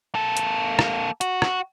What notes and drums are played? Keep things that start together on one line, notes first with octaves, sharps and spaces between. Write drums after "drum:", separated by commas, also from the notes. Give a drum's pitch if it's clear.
A#3 A4
drum: hi-hat
drum: rim click
F#4, drum: hi-hat
drum: rim click